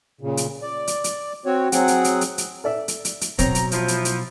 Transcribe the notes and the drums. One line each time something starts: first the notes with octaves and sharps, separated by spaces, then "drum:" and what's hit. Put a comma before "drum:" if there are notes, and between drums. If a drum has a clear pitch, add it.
A#2 C#3
drum: hi-hat
D5
drum: hi-hat
drum: hi-hat
C4 F#4 C#5
F#3 C4 G#4 F#5, drum: hi-hat
drum: hi-hat
drum: hi-hat
drum: hi-hat
drum: hi-hat
A4 D5 E5
drum: hi-hat
drum: hi-hat
drum: hi-hat
B2 F#3 C4 C#5 A#5, drum: kick, hi-hat
drum: hi-hat
F3 E4, drum: hi-hat
drum: hi-hat
drum: hi-hat